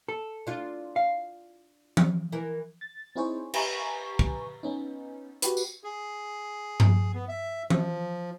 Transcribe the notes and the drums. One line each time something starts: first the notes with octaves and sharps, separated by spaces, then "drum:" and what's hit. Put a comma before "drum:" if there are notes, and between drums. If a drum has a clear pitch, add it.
A4
D4 F4
F5
drum: tom E3
E3 A#4
A6
C4 D#4 E4 G#4 C5 C#5
G4 B4 G#5 A#5 C#6, drum: cymbal
drum: kick
B3 C#4 D#4
F#4 G4 B4, drum: hi-hat
drum: tambourine
G#4
drum: tom G2
B3
E5
F3, drum: tom E3